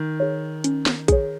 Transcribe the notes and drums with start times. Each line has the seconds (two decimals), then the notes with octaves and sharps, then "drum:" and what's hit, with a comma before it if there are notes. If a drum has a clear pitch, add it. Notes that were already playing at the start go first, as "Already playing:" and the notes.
Already playing: D#3
0.20 G#4 C#5
0.64 C#4, drum: hi-hat
0.86 drum: snare
1.08 G#4 C#5, drum: kick A#1, hi-hat